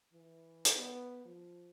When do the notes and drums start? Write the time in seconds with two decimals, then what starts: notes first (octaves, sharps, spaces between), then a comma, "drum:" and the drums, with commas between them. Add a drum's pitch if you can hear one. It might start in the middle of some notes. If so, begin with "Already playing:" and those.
0.13 E3
0.65 drum: hi-hat
0.75 B3
1.25 F3